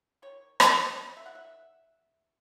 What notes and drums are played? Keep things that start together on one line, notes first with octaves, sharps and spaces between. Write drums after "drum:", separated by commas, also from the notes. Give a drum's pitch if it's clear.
D#3 C#5
C#5, drum: rim click
G#3 B3 D#5
D#3 E5
F#5
E5